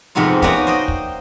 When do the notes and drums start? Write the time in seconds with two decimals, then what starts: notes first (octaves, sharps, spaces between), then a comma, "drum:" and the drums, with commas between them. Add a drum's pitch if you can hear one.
0.15 F2 G#2 C3 B3 D#4 F4
0.42 A#3 B3 C#4 D#4 F#4 D5, drum: kick
0.67 C5 D#5 G5
0.88 drum: kick